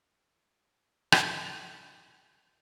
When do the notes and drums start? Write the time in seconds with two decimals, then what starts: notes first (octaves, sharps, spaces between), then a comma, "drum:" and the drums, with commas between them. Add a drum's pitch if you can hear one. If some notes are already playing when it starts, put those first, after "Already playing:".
0.01 A4 F5
1.12 drum: rim click